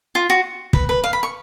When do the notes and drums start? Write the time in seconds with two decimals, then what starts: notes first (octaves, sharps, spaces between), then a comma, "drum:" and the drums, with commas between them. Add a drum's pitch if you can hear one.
0.15 F4
0.30 F#4
0.73 B4, drum: kick
0.89 B4
1.04 F5
1.13 B5
1.23 C#6